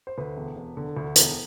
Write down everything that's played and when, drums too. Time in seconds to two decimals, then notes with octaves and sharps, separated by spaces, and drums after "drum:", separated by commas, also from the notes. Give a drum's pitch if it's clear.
0.07 C5
0.18 D2 B4
0.37 E1
0.56 E1
0.77 D3
0.97 D2
1.16 E1, drum: hi-hat